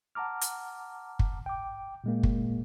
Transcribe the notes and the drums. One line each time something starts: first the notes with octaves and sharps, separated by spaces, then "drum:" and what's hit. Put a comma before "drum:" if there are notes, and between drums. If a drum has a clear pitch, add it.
F#5 A5 A#5 D6 F6
drum: hi-hat
drum: kick
G5 D6
A#2 G#3 A#3
drum: kick